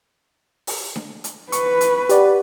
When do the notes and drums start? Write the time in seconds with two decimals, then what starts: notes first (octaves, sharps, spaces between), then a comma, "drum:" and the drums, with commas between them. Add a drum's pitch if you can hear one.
0.67 drum: open hi-hat
0.96 drum: snare D4
1.24 drum: hi-hat
1.52 B4 C#6, drum: hi-hat
1.81 drum: hi-hat
2.09 G4 D5 F#5, drum: hi-hat